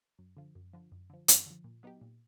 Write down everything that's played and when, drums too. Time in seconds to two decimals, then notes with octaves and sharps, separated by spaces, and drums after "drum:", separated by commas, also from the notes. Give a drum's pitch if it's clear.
0.19 F#2
0.37 D3 F3
0.55 F#2
0.73 D3 F3
0.92 F#2
1.10 D3 F3
1.28 F#2, drum: hi-hat
1.46 D3 F3
1.64 A#2
1.83 F#3 B3 D#4 G4
2.01 A#2